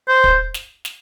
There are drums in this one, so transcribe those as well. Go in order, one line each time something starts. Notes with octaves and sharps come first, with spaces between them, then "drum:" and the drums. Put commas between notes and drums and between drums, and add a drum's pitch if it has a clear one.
C5
drum: kick
drum: snare
drum: snare